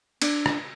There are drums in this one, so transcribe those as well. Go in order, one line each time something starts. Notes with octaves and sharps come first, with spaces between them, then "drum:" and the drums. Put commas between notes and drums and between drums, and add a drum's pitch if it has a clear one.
D4, drum: cymbal
drum: rim click